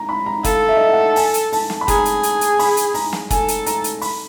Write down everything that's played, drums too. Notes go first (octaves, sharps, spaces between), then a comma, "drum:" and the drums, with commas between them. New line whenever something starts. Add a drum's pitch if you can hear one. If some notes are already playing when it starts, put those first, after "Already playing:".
Already playing: A#5
B5
A#5
A4 F5, drum: kick, hi-hat
E5
D#5
E5
F#5
A5
G#5, drum: open hi-hat
drum: hi-hat
A5, drum: open hi-hat
drum: snare
B5
G#4 A#5, drum: kick, hi-hat
drum: hi-hat
drum: hi-hat
drum: hi-hat
B5, drum: open hi-hat
drum: hi-hat
A#5, drum: open hi-hat
drum: snare
A4 G#5, drum: kick, hi-hat
drum: hi-hat
A#5, drum: hi-hat
drum: hi-hat
B5, drum: open hi-hat